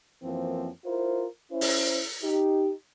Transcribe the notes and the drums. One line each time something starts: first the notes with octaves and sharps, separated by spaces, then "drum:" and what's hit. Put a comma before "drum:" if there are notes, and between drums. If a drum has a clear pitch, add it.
F#2 E3 F3 A#3 C4 E4
E4 F4 A#4 C5
C#4 E4 C5
drum: open hi-hat
D#4 G4